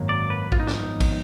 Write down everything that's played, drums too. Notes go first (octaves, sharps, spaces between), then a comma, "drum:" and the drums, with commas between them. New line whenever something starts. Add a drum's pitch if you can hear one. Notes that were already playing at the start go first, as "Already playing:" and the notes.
Already playing: G#1 F#2 D#3 F#3 A#3
D5
B4
G#1 F#2 F3 B3 F4, drum: kick
D#4
D4, drum: snare
D#4
drum: kick, cymbal